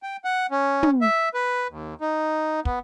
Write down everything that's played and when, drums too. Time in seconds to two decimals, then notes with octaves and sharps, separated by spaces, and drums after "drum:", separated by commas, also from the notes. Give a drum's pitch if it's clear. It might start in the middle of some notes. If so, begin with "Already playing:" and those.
0.03 G5
0.25 F#5
0.51 C#4
0.83 drum: tom
1.02 E5
1.34 B4
1.70 D#2
2.01 D#4
2.65 B3, drum: kick